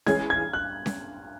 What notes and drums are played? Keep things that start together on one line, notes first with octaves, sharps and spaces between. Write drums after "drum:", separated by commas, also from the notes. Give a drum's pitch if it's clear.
E3 G#3 C#4 G#4 G#6, drum: snare C#4
G#6
F#6
drum: snare C#4